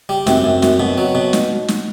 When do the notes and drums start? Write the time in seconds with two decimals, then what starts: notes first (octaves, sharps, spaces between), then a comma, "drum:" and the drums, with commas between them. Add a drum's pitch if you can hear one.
0.09 G3
0.27 F#2 C4, drum: snare
0.44 F#2
0.62 F#2, drum: snare
0.80 B2
0.98 F#3
1.15 B2
1.33 drum: snare
1.68 drum: snare